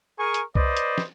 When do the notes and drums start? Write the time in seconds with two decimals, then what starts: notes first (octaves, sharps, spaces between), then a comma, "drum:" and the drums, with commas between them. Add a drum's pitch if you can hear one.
0.17 G#4 A#4 G#5 C#6
0.34 drum: hi-hat
0.55 B4 C5 D5 D#5, drum: kick C2
0.77 drum: hi-hat
0.98 drum: snare